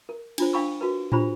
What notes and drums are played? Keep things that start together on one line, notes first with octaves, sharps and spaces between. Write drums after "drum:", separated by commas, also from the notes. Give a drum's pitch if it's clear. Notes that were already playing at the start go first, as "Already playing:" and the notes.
A#4
D4 F4 C5, drum: cymbal
D4 F5 G5 B5 C#6 E6
F#4 A#4 B4
D4 F4 G4 C5 B5, drum: tom A2